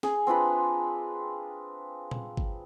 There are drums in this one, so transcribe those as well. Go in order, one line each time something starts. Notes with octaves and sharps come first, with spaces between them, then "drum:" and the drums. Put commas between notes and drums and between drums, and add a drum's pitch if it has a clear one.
G#4, drum: snare
C4 D4 F4 B4
drum: tom A#2
drum: kick G#1